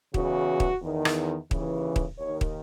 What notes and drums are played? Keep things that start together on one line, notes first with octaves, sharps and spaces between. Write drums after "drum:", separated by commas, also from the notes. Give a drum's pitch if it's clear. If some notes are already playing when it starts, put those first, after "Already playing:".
E2 C#3 E3 F#4, drum: kick
drum: kick
E2 D#3
drum: rim click
D#2 C#3 E3, drum: kick
drum: kick
D#2 D#3 C#5
drum: kick